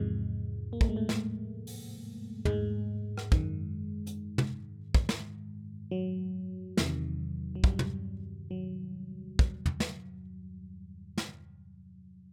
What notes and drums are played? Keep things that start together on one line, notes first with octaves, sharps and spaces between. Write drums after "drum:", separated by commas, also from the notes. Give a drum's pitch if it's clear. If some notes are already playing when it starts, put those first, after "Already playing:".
Already playing: E2 G#2 C3 F3 G#3
A#3
A3, drum: kick
G#3
A2 A3
drum: snare
drum: open hi-hat
G#2 G#3, drum: tom
drum: rim click
F#2 D#3, drum: kick
drum: hi-hat
drum: tom
drum: kick
drum: snare
F#3
E2 C3 D#3, drum: snare
F#3
G2 G3, drum: kick
drum: tom
F#3
drum: kick
drum: tom
drum: snare
drum: snare